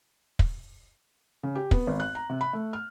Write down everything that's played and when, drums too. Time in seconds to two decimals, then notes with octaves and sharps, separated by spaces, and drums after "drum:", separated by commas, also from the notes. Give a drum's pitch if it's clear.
0.39 drum: kick
1.43 C#3
1.55 G4
1.71 B3, drum: kick
1.87 G#1
2.00 F#6
2.15 A#5
2.30 C3
2.41 B5
2.53 A3
2.73 F6